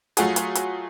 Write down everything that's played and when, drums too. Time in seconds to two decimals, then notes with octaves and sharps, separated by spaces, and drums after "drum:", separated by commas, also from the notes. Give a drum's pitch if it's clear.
0.17 F#3 A3 F4 F#4 G#4, drum: hi-hat
0.36 drum: hi-hat
0.55 drum: hi-hat